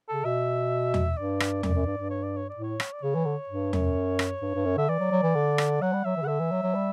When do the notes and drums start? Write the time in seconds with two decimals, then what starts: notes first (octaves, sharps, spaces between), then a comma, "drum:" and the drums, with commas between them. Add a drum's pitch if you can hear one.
0.09 C#3 A4
0.25 B2 E5
0.94 drum: tom E2
1.17 G2 D5
1.40 drum: rim click
1.63 F#2, drum: tom E2
1.75 F#2
1.86 G2
1.98 G2
2.10 C#5
2.23 D5
2.37 C#5
2.49 D5
2.56 A2
2.63 C#5
2.80 drum: rim click
2.93 D5
3.02 C#3 C#5
3.15 E3
3.25 D3
3.49 G2
3.73 F#2, drum: tom E2
4.19 drum: rim click
4.42 G2
4.54 G2
4.65 F#2
4.77 D3 E5
4.89 E3 D5
5.00 F#3
5.11 F#3
5.23 E3
5.35 D3
5.58 drum: rim click
5.81 F#3 F#5
5.93 G3
6.05 F#3 E5
6.17 E3
6.22 C#3 F#5
6.28 D3 E5
6.40 E3
6.51 F#3
6.63 F#3
6.75 G3